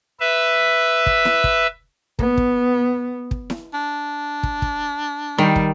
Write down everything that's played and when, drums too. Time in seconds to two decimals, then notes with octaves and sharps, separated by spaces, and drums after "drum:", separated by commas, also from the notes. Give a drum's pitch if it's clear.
0.20 B4 E5
1.06 drum: kick
1.25 drum: snare E4
1.44 drum: kick
2.19 B3, drum: kick
2.37 drum: kick
3.31 drum: kick
3.50 drum: snare E4
3.74 D4
4.43 drum: kick
4.62 drum: kick
5.38 D#3 G3
5.56 drum: kick